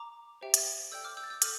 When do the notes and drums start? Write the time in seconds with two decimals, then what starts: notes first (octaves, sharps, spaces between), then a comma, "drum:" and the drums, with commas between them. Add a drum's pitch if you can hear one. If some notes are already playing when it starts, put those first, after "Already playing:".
Already playing: A#5 D6
0.41 G4 C5 E5 G5
0.54 drum: hi-hat
0.92 A4 D5 G5 E6 G6
1.04 D6 F6
1.17 E6 G6
1.23 A6
1.30 E6 G6
1.42 A4 D6 F6, drum: hi-hat